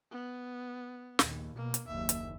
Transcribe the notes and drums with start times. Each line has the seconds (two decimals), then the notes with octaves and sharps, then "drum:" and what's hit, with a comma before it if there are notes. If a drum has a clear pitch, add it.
0.11 B3
1.19 A#1 D#2, drum: snare
1.56 B2 A#3
1.74 drum: hi-hat
1.87 F#1 D#2 E5
2.09 drum: hi-hat